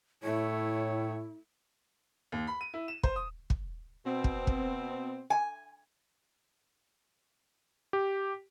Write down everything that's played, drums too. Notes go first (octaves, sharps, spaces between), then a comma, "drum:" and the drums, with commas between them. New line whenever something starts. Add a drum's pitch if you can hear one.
A2 A3 E4 C#5
D#2
B5
D#7
E4
E7
C5, drum: kick
D#6
drum: kick
B2 C4
drum: kick
drum: kick
G#5
G4